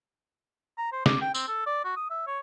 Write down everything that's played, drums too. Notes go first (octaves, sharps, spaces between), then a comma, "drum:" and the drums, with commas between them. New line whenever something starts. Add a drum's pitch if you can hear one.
A#5
C5
D6, drum: snare
G5
C4, drum: tambourine
A4
D5
F#4
D#6
E5
C#5